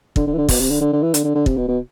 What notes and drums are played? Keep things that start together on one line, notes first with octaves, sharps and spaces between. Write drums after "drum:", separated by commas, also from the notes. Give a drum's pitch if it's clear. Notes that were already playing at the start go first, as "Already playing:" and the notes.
D3, drum: kick
D3
E3
D3
B2, drum: kick, open hi-hat
C3
D3
D3
D3
E3
D3, drum: hi-hat
D3
D3
C3, drum: kick
B2
B2